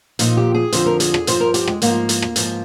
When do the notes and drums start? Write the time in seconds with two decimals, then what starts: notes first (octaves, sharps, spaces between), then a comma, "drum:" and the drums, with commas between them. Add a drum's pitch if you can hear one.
0.19 A#2 F3 D#4, drum: hi-hat
0.37 G4
0.54 G#4
0.72 F2 D3 F3 C5, drum: hi-hat
0.86 A#4
1.00 G#4, drum: hi-hat
1.14 G#4, drum: rim click
1.27 G2 F3 C5, drum: hi-hat
1.40 A#4
1.54 G4, drum: hi-hat
1.67 G#3, drum: rim click
1.82 G#2 F3 A#3, drum: hi-hat
2.09 drum: hi-hat
2.22 drum: rim click
2.36 G#2 F3, drum: hi-hat